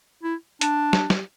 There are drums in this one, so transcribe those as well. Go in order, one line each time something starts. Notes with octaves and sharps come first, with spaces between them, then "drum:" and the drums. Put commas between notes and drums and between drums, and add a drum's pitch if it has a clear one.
E4
D4, drum: hi-hat
drum: snare
drum: snare